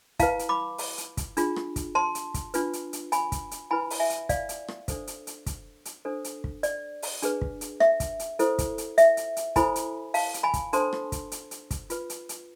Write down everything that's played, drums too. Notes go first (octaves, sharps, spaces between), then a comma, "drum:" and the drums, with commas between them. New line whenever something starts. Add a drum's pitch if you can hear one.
E4 B4 F5 A5, drum: kick, hi-hat
drum: hi-hat
B5 D6
drum: open hi-hat
drum: hi-hat
drum: kick, hi-hat
D4 F4 G#4, drum: hi-hat
drum: rim click
drum: kick, hi-hat
A5 C6
drum: hi-hat
drum: kick, hi-hat
D4 F4 B4, drum: hi-hat
drum: hi-hat
drum: hi-hat
G#5 B5, drum: hi-hat
drum: kick, hi-hat
drum: hi-hat
E4 B4 G#5 B5
drum: open hi-hat
E5 G#5
drum: hi-hat
D5 F5, drum: kick, hi-hat
drum: hi-hat
drum: rim click
D4 A4 C5, drum: kick, hi-hat
drum: hi-hat
drum: hi-hat
drum: kick, hi-hat
drum: hi-hat
D4 A4 C5
drum: hi-hat
drum: kick
D5, drum: hi-hat
drum: open hi-hat
D4 G#4 B4, drum: hi-hat
drum: kick
drum: hi-hat
E5, drum: rim click
drum: kick, hi-hat
drum: hi-hat
E4 A4 C5, drum: hi-hat
drum: kick, hi-hat
drum: hi-hat
E5, drum: hi-hat
drum: hi-hat
drum: hi-hat
E4 A4 C5 G#5 B5, drum: kick, hi-hat
drum: hi-hat
F5 A5, drum: open hi-hat
drum: hi-hat
G#5 B5
drum: kick, hi-hat
D4 A4 C5 A5 C6, drum: hi-hat
drum: rim click
drum: kick, hi-hat
drum: hi-hat
drum: hi-hat
drum: kick, hi-hat
F4 B4, drum: hi-hat
drum: hi-hat
drum: hi-hat